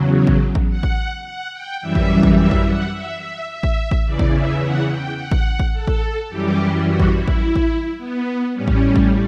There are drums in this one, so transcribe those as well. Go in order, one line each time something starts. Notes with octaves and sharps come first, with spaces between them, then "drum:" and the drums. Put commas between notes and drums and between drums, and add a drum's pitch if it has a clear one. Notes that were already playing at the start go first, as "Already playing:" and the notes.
Already playing: E2 C#3 F#3
drum: kick A1
drum: kick A1
F#5
drum: kick A1
F#5
G5
F#2 E3 G3 E5
drum: kick A1
drum: kick A1
E5
drum: kick A1
F#5
E5
E5
E5
drum: kick A1
drum: kick A1
E2 C#3 E3 D5
drum: kick A1
E5
F#5
G5
F#5
drum: kick A1
drum: kick A1
A4
drum: kick A1
F#2 E3 G3 G4
F#4
drum: kick A1
E4
drum: kick A1
drum: kick A1
B3
A2 G3 C#4
drum: kick A1
drum: kick A1